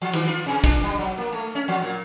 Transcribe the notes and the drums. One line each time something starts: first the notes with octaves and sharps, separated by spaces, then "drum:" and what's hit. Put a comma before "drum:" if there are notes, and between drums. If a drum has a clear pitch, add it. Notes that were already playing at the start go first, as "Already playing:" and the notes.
F3
D#3, drum: cymbal
F4
C3
D4, drum: kick, cymbal
G3
F#3
A#3
A3
C#4
F3
A#2